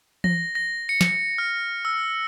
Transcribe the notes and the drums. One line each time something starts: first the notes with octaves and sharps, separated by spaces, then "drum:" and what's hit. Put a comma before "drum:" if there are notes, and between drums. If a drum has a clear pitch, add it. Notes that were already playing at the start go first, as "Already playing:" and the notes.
A#6, drum: tom E3
A#6
C#7
drum: snare
F6
E6